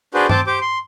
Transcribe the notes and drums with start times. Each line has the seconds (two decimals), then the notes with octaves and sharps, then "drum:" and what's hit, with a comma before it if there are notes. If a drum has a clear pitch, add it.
0.14 D4 F#4 G#4 B4 C5
0.29 C4 C5 A5 D6, drum: tom G2
0.47 G4 C5 D6
0.61 C6